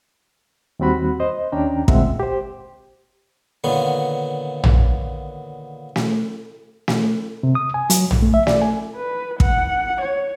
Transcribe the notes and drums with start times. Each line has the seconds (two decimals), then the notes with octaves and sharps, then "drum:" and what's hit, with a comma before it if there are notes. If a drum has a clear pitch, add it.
0.79 D#2 G3 C4 F#4 B5 F#6
1.20 C5 D#5
1.52 D#2 C#4 D4 G5 A#5
1.88 D2 A#2 G#3 C4 E5 F#5, drum: kick
2.20 G4 C5
3.64 A#2 D3 D#3 B3 C#4
4.64 drum: tom A#1
5.96 drum: snare
6.88 drum: snare
7.43 C3
7.55 D#6
7.74 G#5
7.90 F#3, drum: hi-hat
8.11 G#2, drum: tom A#1
8.22 A3
8.34 E5
8.47 D5, drum: snare
8.62 G#5
8.96 B4
9.40 F#5, drum: kick
10.01 C#5